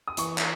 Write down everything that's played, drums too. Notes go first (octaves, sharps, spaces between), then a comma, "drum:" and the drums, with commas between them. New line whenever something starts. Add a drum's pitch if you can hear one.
D#6
E3 C#6, drum: hi-hat
drum: clap